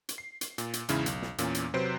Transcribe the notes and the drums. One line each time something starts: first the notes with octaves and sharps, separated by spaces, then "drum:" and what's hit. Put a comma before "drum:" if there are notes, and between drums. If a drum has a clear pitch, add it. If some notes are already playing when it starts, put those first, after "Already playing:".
drum: hi-hat
C7
drum: hi-hat
A#2, drum: hi-hat
drum: hi-hat
E2 G#2 C#3 C#4 E4, drum: hi-hat
B1, drum: hi-hat
drum: snare
E2 A#2 A#3 C#4, drum: hi-hat
drum: hi-hat
C3 F#3 B4 C5 D7